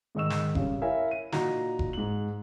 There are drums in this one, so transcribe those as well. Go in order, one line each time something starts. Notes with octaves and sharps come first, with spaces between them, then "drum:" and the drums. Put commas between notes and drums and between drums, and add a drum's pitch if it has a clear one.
G#2 D#3 D#5 C#6 E6 E7
drum: snare
C#3 G3 C#4, drum: kick F1
E4 A#4 C#5 E5 F5 G#5
D#7
A#2 D#4 F#4 A#5, drum: snare
drum: kick F1
G#2 F#7